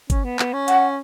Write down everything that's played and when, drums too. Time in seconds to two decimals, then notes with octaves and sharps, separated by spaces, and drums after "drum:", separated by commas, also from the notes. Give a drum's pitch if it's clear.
0.10 C#4, drum: kick G1, hi-hat
0.24 B3
0.39 B3, drum: clap
0.53 C#4
0.68 F#5, drum: hi-hat